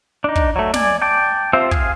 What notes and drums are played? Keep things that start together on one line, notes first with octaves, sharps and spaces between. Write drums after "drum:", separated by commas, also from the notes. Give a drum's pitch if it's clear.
D4 D#4
drum: kick
F#3 A3
D5 G#5, drum: snare
G5 A5 D6
C4 F4 G4 C5 E5
G#4 F5, drum: kick